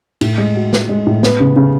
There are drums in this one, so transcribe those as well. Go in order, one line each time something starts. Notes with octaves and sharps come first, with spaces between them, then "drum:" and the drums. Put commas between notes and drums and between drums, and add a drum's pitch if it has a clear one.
A2, drum: cymbal
G#3
F#4
G#3, drum: snare
G#3
A2
B3, drum: snare
C#3
C#3